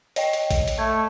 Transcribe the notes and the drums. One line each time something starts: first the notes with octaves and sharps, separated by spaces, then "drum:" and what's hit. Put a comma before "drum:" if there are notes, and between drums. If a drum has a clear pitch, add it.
C#5 D#5 G5, drum: hi-hat
drum: hi-hat
drum: kick A#1, hi-hat
drum: hi-hat
A3 G#6